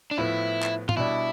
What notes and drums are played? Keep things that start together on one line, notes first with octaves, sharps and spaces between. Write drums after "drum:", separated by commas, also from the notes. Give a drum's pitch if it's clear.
D4
A2 F3 B3 E4
drum: clap
F4, drum: tom
B2 G3 D4 E4